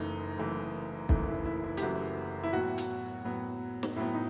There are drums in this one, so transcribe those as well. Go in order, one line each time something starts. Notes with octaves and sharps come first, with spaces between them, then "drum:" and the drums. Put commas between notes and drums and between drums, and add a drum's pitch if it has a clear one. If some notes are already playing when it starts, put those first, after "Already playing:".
Already playing: F#1 F#2 E3 A3 D#4
F#1 F#2 E3 A3
F#1 F#2 E3 A3 D#4, drum: kick
E4
E4
E4
G4, drum: hi-hat
F#1 F#2 E3 A3 F#4
E4
A2 F#3 B3 F#4
drum: hi-hat
A2 F#3 B3
drum: snare
A2 F#3 B3 E4
D#4